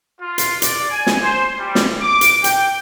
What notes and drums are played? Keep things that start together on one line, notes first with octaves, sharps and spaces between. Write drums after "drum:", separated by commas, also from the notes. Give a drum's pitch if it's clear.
F4
drum: hi-hat
D5, drum: hi-hat
G#5
drum: snare
C5
G3
drum: snare
D6
drum: hi-hat
G5, drum: hi-hat